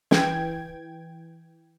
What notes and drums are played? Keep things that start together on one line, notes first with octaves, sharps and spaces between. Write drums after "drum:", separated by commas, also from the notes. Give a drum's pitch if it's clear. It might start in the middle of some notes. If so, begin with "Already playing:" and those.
E3 G5 G#6, drum: snare